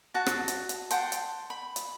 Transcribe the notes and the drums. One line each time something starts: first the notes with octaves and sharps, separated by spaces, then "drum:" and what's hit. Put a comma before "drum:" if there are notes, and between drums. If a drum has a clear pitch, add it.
F#4 A5
drum: rim click
drum: hi-hat
drum: hi-hat
F#5 G5 A5 C6, drum: hi-hat
drum: hi-hat
B5
drum: hi-hat